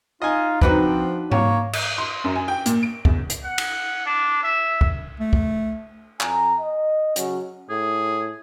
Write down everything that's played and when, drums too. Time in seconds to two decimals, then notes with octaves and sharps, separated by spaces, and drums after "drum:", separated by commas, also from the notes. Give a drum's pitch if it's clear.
0.22 D#4 F4 D#5 G#5
0.61 F3 C4 D4 D#4 F#4 B4, drum: kick
1.32 A#3 C#5, drum: tom G#2
1.73 drum: cymbal
1.98 C6
2.24 F#2
2.36 G#5
2.48 G5
2.66 A#2, drum: hi-hat
2.83 D7
3.05 E2, drum: kick
3.30 drum: hi-hat
3.45 F#5
3.58 drum: cymbal
4.06 D4
4.44 E5
4.81 drum: kick
5.20 A3
5.33 drum: kick
6.21 F2 G#5 A#5, drum: clap
6.59 D#5
7.16 C#3 F#3 C#4, drum: hi-hat
7.70 A2 G#4